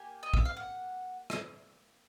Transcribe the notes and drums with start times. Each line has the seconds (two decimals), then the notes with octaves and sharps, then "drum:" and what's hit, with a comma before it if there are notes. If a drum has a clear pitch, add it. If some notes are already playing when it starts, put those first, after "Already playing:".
Already playing: A#3 G4 G#5
0.23 D#5
0.34 E5, drum: kick
0.45 F5
0.57 F#5
1.30 drum: rim click